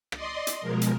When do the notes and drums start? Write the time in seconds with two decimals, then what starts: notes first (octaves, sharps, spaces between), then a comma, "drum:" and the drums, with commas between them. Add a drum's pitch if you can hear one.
0.12 D5 D#5 C6, drum: rim click
0.47 drum: hi-hat
0.61 B2 F3 G#3 A#4
0.82 drum: hi-hat